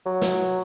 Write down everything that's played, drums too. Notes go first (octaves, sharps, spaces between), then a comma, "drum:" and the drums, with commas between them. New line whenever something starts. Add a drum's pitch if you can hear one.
F#3
drum: snare